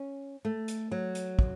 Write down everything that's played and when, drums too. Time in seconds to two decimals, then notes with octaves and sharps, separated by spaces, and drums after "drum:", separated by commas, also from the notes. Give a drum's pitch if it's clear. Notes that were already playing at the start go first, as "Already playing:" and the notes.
Already playing: C#4
0.45 A3
0.68 drum: hi-hat
0.92 F#3
1.15 drum: hi-hat
1.39 drum: kick